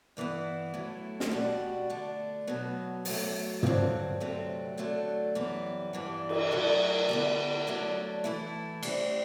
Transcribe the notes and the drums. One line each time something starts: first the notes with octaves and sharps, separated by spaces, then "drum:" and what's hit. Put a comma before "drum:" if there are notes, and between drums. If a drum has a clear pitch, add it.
G2 E3 B3 E4
A2 F#3 A3 E4
drum: snare
B2 G3 D4 F#4
D3 A3 D4
B2 F#3 B3
F#2 F#3 A3, drum: open hi-hat
G2 D3 F#3 C4, drum: tom
D2 C3 F#3 A3 C4
D3 F#3 A3 D4
F#2 E3 G3 B3
G2 E3 G3 D4
drum: cymbal
G2 F#3 A3 D4 F#4
D3 G3 B3
G2 D3 F#3 A3 D4
A2 E3 A3 E4
A2 G3 C4, drum: cymbal